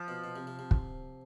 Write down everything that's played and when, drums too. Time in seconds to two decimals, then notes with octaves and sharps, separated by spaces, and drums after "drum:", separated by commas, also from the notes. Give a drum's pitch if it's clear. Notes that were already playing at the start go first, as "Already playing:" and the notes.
Already playing: F3
0.08 B2
0.24 B2
0.36 C3
0.47 C3
0.59 C3
0.71 drum: kick